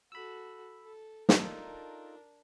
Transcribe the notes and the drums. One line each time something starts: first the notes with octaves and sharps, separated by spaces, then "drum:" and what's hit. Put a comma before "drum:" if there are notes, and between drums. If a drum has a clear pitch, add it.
F#4 A4 B5 E6
A4
D4 D#4 F4 A4 A#4, drum: snare